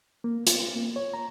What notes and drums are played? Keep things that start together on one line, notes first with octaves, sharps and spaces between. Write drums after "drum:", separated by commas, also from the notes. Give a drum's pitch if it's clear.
A#3
F4, drum: hi-hat
A#3
C#5
A#5